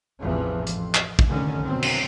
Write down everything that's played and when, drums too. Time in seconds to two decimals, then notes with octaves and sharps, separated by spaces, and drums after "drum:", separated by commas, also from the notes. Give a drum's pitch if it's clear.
0.20 A1 E2 C3 E3 F3
0.67 F2, drum: hi-hat
0.94 drum: clap
1.19 drum: kick
1.28 F1 D3 D#3 C#4
1.65 B2 F#3 C4
1.83 drum: cymbal